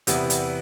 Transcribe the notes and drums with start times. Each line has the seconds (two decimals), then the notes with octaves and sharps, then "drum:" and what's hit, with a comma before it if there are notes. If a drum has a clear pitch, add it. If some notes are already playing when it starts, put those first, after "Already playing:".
0.07 E2 C3 G3 B3 E4, drum: hi-hat
0.30 drum: hi-hat